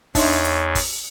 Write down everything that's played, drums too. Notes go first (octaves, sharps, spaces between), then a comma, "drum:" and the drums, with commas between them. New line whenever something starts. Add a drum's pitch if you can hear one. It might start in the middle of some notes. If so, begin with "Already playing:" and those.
E2 D4 D#4 C#5 E5 C6, drum: kick, open hi-hat
drum: hi-hat
drum: kick, open hi-hat